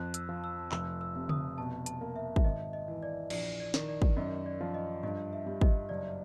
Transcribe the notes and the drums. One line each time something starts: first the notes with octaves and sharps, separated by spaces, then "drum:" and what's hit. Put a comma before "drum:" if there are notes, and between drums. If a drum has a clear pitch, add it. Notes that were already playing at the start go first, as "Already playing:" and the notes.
Already playing: F2 F#6
E6, drum: hi-hat
F3
E6
F1 E6, drum: clap
E6
C3
D#6, drum: tom C#3
B2 A5
A5, drum: hi-hat
A#3
E5
E5, drum: kick
G#1 D#5
D#5
E3
D5
A#1 D5, drum: cymbal
D5
D#3, drum: snare
D5
drum: kick
F#2 D#5
D5
F3
D#5
G2 D#5
E5
G3
D#5, drum: kick
F#1 D5